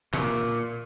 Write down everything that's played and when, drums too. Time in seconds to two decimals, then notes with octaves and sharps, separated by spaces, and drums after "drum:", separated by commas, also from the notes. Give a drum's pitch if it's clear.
0.14 A#2, drum: clap